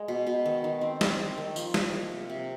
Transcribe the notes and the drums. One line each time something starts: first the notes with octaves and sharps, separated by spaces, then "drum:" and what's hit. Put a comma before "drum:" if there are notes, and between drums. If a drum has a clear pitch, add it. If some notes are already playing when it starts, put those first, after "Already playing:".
Already playing: G#3
B2
B2
D#3
D#3
C4
C4, drum: snare
C4
D#3
F3, drum: tambourine
D#4, drum: snare
A#3
C3
C3